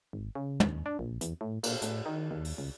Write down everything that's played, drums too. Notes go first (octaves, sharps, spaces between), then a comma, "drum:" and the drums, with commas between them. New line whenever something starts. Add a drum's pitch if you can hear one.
G#1
C#3
D#2, drum: tom
D4
A#1
E2, drum: hi-hat
A2
A#2, drum: cymbal
A2, drum: hi-hat
D#3
D#2
drum: open hi-hat
C#2